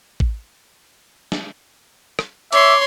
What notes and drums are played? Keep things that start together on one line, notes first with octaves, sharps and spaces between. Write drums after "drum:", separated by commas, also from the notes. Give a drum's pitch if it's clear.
drum: kick A1
drum: snare
drum: rim click
C#5 E5 C6 D6, drum: hi-hat